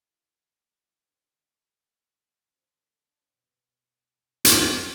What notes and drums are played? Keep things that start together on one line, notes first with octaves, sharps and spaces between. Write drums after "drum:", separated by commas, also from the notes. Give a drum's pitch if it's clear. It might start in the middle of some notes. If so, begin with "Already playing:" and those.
Already playing: A2 A3
C4
D3 D4
C4
D3 D4
D4
C4
B2 B3
drum: hi-hat